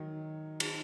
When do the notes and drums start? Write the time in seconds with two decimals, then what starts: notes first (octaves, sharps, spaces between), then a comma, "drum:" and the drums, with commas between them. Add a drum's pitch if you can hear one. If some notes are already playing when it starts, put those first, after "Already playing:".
Already playing: D#3 F#3
0.60 drum: cymbal